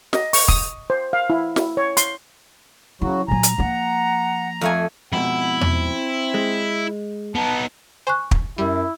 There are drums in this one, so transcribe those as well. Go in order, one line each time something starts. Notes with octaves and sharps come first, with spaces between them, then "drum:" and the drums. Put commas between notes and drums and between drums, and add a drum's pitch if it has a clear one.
D#5, drum: snare
C#6, drum: open hi-hat
D#6, drum: kick
C5
F5
E4
E4, drum: snare
C#5
C6, drum: hi-hat
C#3 F#3 E4 F#4
A#2 F#3 G#5 A#5
drum: hi-hat
F3 A#3 F#5
F2 A3 F5 G#5
F2 G#2 B2 E4 F#5
drum: tom E2
C4
G#3
B3 D#4 A5
C5 G#5 C#6 F#6
drum: kick
F#2 G3 E4